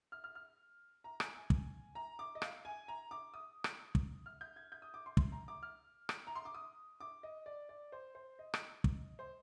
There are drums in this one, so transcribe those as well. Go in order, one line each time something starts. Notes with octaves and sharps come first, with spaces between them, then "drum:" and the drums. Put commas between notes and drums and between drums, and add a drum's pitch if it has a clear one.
F6
F6
F6
A#5
G#5, drum: rim click
G#5
drum: kick
A#5
D6
D#5
F5, drum: rim click
G#5
A#5
D6
D#6
drum: rim click
drum: kick
F6
G6
G#6
G6
D#6
D6
C6
C6, drum: kick
A#5
D6
F6
drum: rim click
A#5
C6
D6
D#6
D6
D#5
D5
D5
C5
C5
D#5
drum: rim click
drum: kick
C5